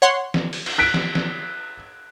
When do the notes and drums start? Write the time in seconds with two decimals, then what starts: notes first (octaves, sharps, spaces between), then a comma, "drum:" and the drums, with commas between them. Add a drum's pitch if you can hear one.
0.02 C#5 F#5 C6
0.34 drum: snare
0.53 drum: open hi-hat
0.66 drum: cymbal
0.78 F#6 B6 D7
0.94 drum: snare
1.15 drum: snare